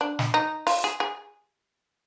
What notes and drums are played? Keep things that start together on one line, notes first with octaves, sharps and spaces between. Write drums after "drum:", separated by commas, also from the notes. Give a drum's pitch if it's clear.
D4
drum: snare
D#4
F4, drum: open hi-hat
G#4
G#4